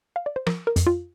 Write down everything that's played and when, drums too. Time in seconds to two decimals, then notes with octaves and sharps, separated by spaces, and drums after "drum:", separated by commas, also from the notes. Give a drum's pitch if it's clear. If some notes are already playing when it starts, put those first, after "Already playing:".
0.16 F5
0.26 D5
0.36 C5
0.47 F3 A#4, drum: rim click
0.67 A#4
0.76 F2, drum: hi-hat
0.87 F4